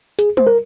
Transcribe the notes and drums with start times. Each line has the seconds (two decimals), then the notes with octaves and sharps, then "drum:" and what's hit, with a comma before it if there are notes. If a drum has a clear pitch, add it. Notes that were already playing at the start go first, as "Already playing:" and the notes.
0.19 G#4, drum: hi-hat
0.37 C5, drum: tom
0.47 A#4